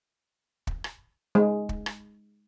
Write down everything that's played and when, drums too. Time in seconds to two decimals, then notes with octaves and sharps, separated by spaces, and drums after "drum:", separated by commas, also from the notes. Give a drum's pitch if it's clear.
0.67 drum: kick
0.84 drum: rim click
1.35 G#3
1.69 drum: kick
1.86 drum: rim click